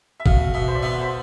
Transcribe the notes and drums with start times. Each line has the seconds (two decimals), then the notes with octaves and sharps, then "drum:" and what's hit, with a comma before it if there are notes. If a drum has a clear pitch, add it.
0.20 E5
0.26 B2 F5, drum: kick
0.54 B2 E5
0.68 C5
0.75 D5
0.83 B3 E5
1.01 C5